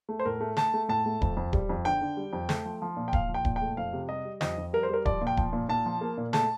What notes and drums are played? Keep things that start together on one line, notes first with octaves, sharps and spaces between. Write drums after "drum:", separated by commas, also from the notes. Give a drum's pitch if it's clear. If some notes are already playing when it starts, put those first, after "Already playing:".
A3
C5
A2 A#4
A3
A3 A5, drum: snare
A3
A2 A5
A3
F2, drum: kick D1
F2
G3, drum: kick D1
F2
D3 G5
D3
G3
F2
A3, drum: snare
F3
F3
A#2
G5
A#2 F5, drum: kick D1
F3
G5
A#2, drum: kick D1
G5
A3
F2 F5
C3
G3 D#5
G3
F2 D#5, drum: snare
F2
G3 A#4
C5
G3 A#4
F3 D5, drum: kick D1
A#2
G5
F3, drum: kick D1
A#2
A#2 A5
F3
A#3
A#2
A3 A5, drum: snare